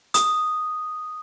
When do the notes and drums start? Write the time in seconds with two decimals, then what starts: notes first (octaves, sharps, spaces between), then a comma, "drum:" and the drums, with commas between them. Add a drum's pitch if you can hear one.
0.14 D#6, drum: hi-hat